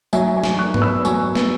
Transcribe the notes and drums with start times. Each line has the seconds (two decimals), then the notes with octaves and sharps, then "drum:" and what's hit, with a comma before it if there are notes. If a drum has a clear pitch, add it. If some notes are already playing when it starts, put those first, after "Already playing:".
0.13 F#3 E5 G#5, drum: tambourine
0.36 G#5 C#6
0.44 F#3, drum: snare
0.59 C#6 F#6
0.74 B3, drum: tom G#2
0.82 B5 E6
1.05 F#3 G#5 C#6, drum: tambourine
1.35 B3, drum: snare